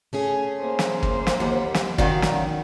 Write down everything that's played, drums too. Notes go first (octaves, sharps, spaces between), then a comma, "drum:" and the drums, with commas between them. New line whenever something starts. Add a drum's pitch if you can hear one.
A3 C#4 G#4
A#3 C5
drum: snare
drum: kick
drum: snare
D#2 G4 F#5
drum: snare
D#3 C#4 F#4 D5 F5, drum: kick
drum: snare